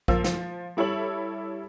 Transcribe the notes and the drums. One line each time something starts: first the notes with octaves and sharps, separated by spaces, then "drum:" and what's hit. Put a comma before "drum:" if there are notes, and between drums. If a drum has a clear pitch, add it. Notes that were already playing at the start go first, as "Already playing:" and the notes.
F3 A#3 E6, drum: kick A#1
F3, drum: snare
G3 E4 A4 C#5 F#7